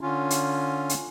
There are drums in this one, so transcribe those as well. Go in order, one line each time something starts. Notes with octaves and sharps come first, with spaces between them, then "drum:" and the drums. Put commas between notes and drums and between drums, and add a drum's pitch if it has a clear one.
D3 C#4 F4
drum: hi-hat
drum: hi-hat